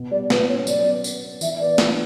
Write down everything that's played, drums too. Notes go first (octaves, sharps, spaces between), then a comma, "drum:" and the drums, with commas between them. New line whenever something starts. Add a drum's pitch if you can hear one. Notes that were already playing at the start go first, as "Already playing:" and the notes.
Already playing: B2 B3
G3 D5
B2 B4, drum: snare
C#4 C#5
F#3 D5, drum: tambourine
B3
B3, drum: tambourine
B3
E3 E5, drum: tambourine
B3 D5
D4, drum: snare